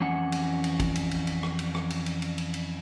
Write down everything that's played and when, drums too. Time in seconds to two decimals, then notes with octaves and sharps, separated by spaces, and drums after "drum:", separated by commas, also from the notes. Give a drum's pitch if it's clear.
0.01 F2 E3 C#4 F#5
0.32 drum: cymbal
0.64 drum: cymbal
0.80 drum: kick, cymbal
0.95 drum: cymbal
1.11 drum: cymbal
1.27 drum: cymbal
1.43 drum: rim click
1.59 drum: cymbal
1.75 drum: rim click
1.90 drum: cymbal
2.06 drum: cymbal
2.22 drum: cymbal
2.38 drum: cymbal
2.54 drum: cymbal